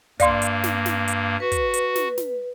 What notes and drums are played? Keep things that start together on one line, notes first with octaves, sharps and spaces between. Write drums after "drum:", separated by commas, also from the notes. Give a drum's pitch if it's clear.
G2 A#3 D5 F5 C6, drum: kick, hi-hat
drum: hi-hat
drum: snare
drum: snare
drum: hi-hat
F#4 B4
drum: kick, hi-hat
drum: hi-hat
drum: snare
drum: snare